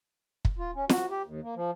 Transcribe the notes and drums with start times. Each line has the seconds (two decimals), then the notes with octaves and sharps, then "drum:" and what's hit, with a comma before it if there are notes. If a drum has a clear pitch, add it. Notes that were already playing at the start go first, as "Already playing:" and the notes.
0.45 drum: kick
0.59 F4
0.75 C#4
0.89 F#4, drum: snare
1.11 G4
1.25 D#2
1.42 A#3
1.56 F3